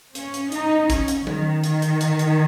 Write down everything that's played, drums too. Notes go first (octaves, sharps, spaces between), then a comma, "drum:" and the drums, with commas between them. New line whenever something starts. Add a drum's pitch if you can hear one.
C#4, drum: hi-hat
drum: hi-hat
D#4, drum: hi-hat
C#4, drum: kick, hi-hat
drum: hi-hat
D#3, drum: tom F#3
D#3, drum: hi-hat
drum: hi-hat
drum: hi-hat
drum: hi-hat